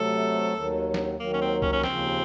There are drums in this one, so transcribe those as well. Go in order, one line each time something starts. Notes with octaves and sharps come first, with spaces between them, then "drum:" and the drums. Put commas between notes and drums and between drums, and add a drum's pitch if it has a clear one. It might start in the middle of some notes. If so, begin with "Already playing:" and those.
Already playing: C3 F#3 A3 A4
D#2 D#3 F#3
drum: snare
D#2 D#3 F#3 A#3
C#4
C4
C#4, drum: kick C#2
C#4
D#2 C#3 F3 C4, drum: snare